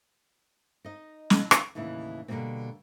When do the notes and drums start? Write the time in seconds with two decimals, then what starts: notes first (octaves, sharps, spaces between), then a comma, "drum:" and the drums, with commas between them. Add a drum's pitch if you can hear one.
0.85 D#4 D#5
1.30 drum: snare
1.51 drum: rim click
1.75 D#2 A2 C#3 E3 E4
2.28 B2 D3 F#3 G3 A#3 C4